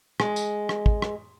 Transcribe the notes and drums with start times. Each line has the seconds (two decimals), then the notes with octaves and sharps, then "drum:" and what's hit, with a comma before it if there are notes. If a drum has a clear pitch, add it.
0.20 G#3, drum: rim click
0.36 drum: tambourine
0.69 drum: rim click
0.86 drum: kick
1.02 drum: rim click